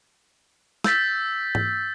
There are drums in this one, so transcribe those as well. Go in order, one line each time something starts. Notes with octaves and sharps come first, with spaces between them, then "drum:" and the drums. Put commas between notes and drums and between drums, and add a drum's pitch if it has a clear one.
E6 G6 A6 B6, drum: snare
drum: tom G#2